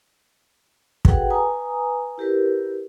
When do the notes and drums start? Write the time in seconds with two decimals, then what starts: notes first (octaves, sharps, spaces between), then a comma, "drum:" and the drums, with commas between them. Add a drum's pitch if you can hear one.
1.05 F#4 G#4 A4 B4 F#5 G5, drum: kick
1.30 B4 G#5 A#5 D#6
2.18 E4 G4 A#4 B4